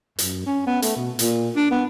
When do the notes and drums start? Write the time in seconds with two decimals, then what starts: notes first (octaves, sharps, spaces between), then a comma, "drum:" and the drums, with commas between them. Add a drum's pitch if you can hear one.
0.18 F#2, drum: hi-hat
0.46 C#4
0.67 B3
0.82 A3, drum: hi-hat
0.96 B2
1.19 A#2, drum: hi-hat
1.56 D4
1.71 B3